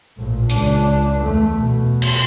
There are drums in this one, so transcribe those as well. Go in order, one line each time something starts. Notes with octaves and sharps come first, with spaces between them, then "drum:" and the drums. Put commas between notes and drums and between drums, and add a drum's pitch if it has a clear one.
A#1 A2
C#2 D4, drum: hi-hat
E2 A3
B2
drum: cymbal